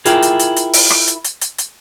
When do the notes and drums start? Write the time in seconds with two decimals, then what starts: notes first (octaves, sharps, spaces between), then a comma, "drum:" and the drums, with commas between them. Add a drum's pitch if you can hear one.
0.05 E4 F4 G4 G#4 A#4, drum: hi-hat
0.22 drum: hi-hat
0.39 drum: hi-hat
0.56 drum: hi-hat
0.73 drum: open hi-hat
0.90 drum: rim click
1.07 drum: hi-hat
1.24 drum: hi-hat
1.41 drum: hi-hat
1.58 drum: hi-hat